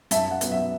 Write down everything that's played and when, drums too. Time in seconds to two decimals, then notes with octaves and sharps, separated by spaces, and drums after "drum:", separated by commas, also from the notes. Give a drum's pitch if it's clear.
0.11 F#2 E5 A5, drum: hi-hat
0.31 F#5
0.41 F#3 B3, drum: hi-hat
0.52 E5